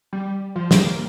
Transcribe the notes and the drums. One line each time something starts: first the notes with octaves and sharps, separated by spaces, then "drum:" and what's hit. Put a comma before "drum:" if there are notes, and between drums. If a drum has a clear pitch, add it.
G3
F3
G3, drum: snare
A#3